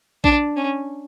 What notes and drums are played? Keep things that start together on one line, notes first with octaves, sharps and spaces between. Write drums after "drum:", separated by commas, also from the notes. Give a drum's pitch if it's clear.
D4, drum: kick A#1
C#4